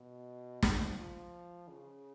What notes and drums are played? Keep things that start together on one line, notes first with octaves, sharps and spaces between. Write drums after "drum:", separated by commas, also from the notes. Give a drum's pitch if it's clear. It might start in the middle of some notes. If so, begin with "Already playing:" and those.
Already playing: B2
F3, drum: snare
F3
C#3